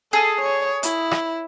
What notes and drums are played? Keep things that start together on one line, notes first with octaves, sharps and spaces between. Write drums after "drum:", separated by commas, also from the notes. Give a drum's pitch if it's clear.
G#4 A4
C#5
E4, drum: hi-hat
drum: rim click